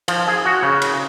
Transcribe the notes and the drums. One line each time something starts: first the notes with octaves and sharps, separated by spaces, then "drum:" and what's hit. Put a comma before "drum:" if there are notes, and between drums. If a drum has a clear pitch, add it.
F3, drum: cymbal
G#4
F#4
C#3
drum: cymbal